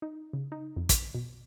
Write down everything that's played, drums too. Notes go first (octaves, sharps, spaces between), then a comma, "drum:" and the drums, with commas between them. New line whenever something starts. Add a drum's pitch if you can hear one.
D#4
C#3
D#4
F2
drum: kick, hi-hat
B2